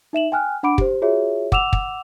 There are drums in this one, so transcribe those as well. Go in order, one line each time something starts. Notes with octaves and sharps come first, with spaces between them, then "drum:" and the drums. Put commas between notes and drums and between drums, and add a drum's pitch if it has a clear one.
D#4 E5 E7 F#7
G5 G#5 F6 F#6
D4 F#5 B5 D6 D7
G4 C5, drum: kick
F4 F#4 G#4 C#5 E5
F#5 D6 E6 E7 F7, drum: kick
drum: kick